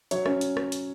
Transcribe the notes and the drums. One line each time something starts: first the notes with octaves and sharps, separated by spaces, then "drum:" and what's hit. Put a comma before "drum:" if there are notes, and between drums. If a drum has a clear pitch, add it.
F#3 C#5, drum: hi-hat
C#4, drum: rim click
drum: hi-hat
drum: rim click
drum: hi-hat